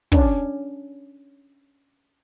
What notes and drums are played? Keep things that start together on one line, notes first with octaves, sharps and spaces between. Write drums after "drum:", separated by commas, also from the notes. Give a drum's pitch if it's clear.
C#4 D4, drum: kick